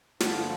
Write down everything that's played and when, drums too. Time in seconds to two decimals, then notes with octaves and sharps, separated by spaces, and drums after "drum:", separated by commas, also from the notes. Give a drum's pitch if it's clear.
0.20 G2 D3 F3, drum: snare